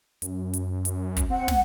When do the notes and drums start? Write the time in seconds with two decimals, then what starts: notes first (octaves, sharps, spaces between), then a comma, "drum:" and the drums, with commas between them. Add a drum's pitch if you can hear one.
0.22 F#2, drum: hi-hat
0.53 drum: hi-hat
0.85 drum: hi-hat
1.17 drum: kick, hi-hat
1.30 C4 F#5
1.48 drum: snare